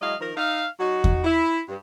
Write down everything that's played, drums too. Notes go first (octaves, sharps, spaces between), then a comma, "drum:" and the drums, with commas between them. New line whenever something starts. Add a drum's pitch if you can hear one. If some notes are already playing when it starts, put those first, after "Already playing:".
F#3 G#3 E4 D#5 F5
D#3 F3 A#4
D#4 E5 F5
F#3 D#4 F#4
drum: kick E2
E4
G2